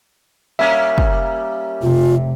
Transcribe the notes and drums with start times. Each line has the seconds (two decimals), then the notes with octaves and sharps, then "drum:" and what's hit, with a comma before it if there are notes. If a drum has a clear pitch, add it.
0.59 G3 A#3 C#4 E5
0.98 drum: kick
1.82 F1 C3 F4